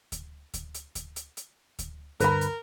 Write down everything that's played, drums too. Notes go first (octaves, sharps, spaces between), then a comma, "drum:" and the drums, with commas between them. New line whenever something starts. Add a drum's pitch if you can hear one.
drum: kick D2, hi-hat
drum: kick D2, hi-hat
drum: hi-hat
drum: kick D2, hi-hat
drum: hi-hat
drum: hi-hat
drum: kick D2, hi-hat
G2 D3 A#4 B4 B5, drum: kick D2, hi-hat
drum: hi-hat